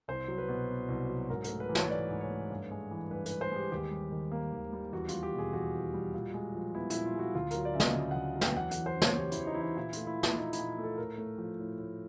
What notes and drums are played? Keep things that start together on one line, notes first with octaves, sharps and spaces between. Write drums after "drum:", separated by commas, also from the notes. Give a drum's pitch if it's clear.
C2 C5
F#3
B4
B2
B3
C2
F#3
G#2 A#4
A3 A#4, drum: hi-hat
B4
E3
C#5, drum: snare
G#2 D5
G#2
C#5
A3
G2
G#3
E3
G2 B4
B4, drum: hi-hat
G2
C5
G#3 G4
D#2 G4
G3
D#3
A#3
D#2
G3
E2 F#4
F4, drum: hi-hat
G3
G4
B2 G#4
E2 F#4
E2
G3
A#2
G#3
F3
B3 E4
A#2 E4, drum: hi-hat
F4
G#3 F#4
D2 F4
F#3 A#4, drum: hi-hat
D5
C#3 E5
D#5, drum: snare
D2
F#5
D2
F#3
G5, drum: snare
E2 F#5
F#5, drum: hi-hat
E3
C5
C#3
C#5, drum: snare
E2 G4
E4, drum: hi-hat
E2
D#4
E4
E3 D#4
A#2 E4
A3 F4, drum: hi-hat
E4
F3
E4, drum: snare
A#2 D#4
E4, drum: hi-hat
A#2
A3 A4
A2 A#4
A3
F3
A2
A2